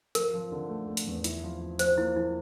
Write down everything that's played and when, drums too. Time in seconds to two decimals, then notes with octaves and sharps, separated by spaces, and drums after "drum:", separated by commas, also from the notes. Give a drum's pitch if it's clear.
0.15 F3 A#4, drum: hi-hat
0.34 F3
0.52 D3
0.69 A3
0.87 A3
0.97 drum: hi-hat
1.07 E2
1.24 E4, drum: hi-hat
1.44 F3
1.61 F3
1.79 F3 C5, drum: hi-hat
1.98 A#3 E4
2.16 F3 E4